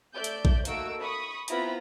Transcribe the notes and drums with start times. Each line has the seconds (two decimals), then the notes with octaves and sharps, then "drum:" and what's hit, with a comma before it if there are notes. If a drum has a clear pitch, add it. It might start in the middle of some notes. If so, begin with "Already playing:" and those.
0.14 A3 D5 E5 G6
0.24 drum: hi-hat
0.45 drum: kick A#1
0.65 A3 A#3 D#4 F#4 E6 D7, drum: hi-hat
1.02 B5 C#6 D#6
1.48 B3 C4 E4 F4 A#5 B5, drum: hi-hat